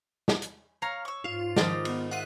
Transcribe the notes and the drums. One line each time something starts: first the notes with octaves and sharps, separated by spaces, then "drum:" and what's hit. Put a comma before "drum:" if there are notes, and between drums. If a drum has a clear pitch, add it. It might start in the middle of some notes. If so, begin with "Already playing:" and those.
drum: snare
drum: hi-hat
C#5 F5 A#5 F6
C#6 E6
G#2 F4
G#2 D#3 F3 D5 D#5, drum: snare
B3, drum: cymbal
F4 E5 F#5 D#7